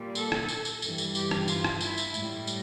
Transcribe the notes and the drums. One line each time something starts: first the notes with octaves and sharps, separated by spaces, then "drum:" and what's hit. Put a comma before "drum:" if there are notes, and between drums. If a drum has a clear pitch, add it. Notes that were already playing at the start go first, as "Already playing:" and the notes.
Already playing: A#2 G3
A4, drum: tambourine
drum: rim click
drum: tambourine
drum: tambourine
G2 E3 G3, drum: tambourine
drum: tambourine
G4, drum: tambourine
drum: rim click
F4, drum: tambourine
drum: rim click
E4, drum: tambourine
drum: tambourine
A2 G3, drum: tambourine
drum: tambourine